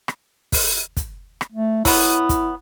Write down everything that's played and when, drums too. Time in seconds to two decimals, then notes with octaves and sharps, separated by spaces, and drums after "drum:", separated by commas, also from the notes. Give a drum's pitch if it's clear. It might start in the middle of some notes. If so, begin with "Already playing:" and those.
0.08 drum: rim click
0.52 drum: kick, open hi-hat
0.97 drum: kick, hi-hat
1.41 drum: rim click
1.52 A3
1.85 F#3 B3 E4, drum: kick, open hi-hat
2.29 drum: kick, hi-hat